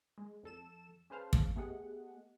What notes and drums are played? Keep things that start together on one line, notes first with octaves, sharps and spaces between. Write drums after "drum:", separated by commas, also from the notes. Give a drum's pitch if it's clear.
G#3
F2 A4 E7
C#4 G#4 B4 C5 F5 A5
drum: kick
A3 B3 G4 G#4 D#5 F#5